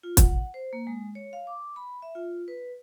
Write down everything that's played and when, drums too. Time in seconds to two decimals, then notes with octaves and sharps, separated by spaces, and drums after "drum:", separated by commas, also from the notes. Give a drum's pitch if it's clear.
0.03 F4
0.17 F#5, drum: kick, hi-hat
0.54 C5
0.73 A#3
0.87 G#3
1.15 C#5
1.33 F5
1.47 D6
1.76 B5
2.02 E5
2.15 F4
2.48 B4